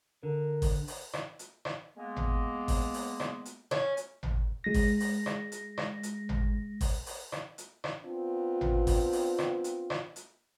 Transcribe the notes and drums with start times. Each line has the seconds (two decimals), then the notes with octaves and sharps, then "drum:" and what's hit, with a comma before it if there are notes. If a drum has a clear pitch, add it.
0.23 D3 A#4
0.62 drum: kick G#1, open hi-hat
0.88 drum: open hi-hat
1.13 drum: rim click
1.39 drum: hi-hat
1.65 drum: rim click
1.97 G#3 A#3 B3
2.17 drum: tom G#1
2.68 drum: kick G#1, open hi-hat
2.94 drum: open hi-hat
3.20 drum: rim click
3.45 drum: hi-hat
3.71 C#4, drum: rim click
3.97 drum: hi-hat
4.23 drum: tom G#1
4.64 G#3 A#6
4.74 drum: kick G#1, open hi-hat
5.00 drum: open hi-hat
5.26 drum: rim click
5.52 drum: hi-hat
5.77 drum: rim click
6.03 drum: hi-hat
6.29 drum: tom G#1
6.81 drum: kick G#1, open hi-hat
7.06 drum: open hi-hat
7.32 drum: rim click
7.58 drum: hi-hat
7.84 drum: rim click
8.04 B3 C4 D4 F4
8.61 drum: tom G#1
8.87 drum: kick G#1, open hi-hat
9.13 drum: open hi-hat
9.38 drum: rim click
9.64 drum: hi-hat
9.90 drum: rim click
10.16 drum: hi-hat